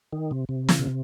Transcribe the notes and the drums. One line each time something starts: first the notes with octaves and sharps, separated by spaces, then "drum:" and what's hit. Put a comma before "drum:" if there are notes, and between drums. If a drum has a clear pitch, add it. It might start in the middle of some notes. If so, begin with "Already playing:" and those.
D#3
C3
C3
C#3, drum: snare
B2
C3